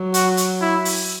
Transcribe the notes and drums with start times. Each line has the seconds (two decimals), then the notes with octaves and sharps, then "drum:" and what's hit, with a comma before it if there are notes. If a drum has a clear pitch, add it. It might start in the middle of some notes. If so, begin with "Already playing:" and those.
Already playing: F#3
0.14 F#4, drum: hi-hat
0.37 drum: hi-hat
0.61 E4
0.85 drum: open hi-hat